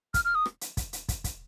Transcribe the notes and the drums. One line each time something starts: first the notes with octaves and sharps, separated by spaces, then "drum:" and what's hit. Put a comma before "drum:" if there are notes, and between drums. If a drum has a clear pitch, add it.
F6, drum: kick, hi-hat
F6
D#6
drum: rim click
drum: hi-hat
drum: kick, hi-hat
drum: hi-hat
drum: kick, hi-hat
drum: kick, hi-hat